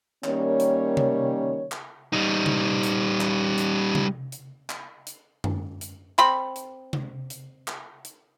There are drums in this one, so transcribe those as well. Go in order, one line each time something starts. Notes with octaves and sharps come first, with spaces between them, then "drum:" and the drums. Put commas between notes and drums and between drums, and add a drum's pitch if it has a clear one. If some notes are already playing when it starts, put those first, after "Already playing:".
D#3 G3 A#3 C#4 C#5, drum: clap
drum: hi-hat
drum: tom C3
drum: clap
G3 D#4
drum: tom C3
drum: hi-hat
drum: clap
drum: hi-hat
drum: tom C3
drum: hi-hat
drum: clap
drum: hi-hat
drum: tom F#2
drum: hi-hat
C4 B5, drum: clap
drum: hi-hat
drum: tom C3
drum: hi-hat
drum: clap
drum: hi-hat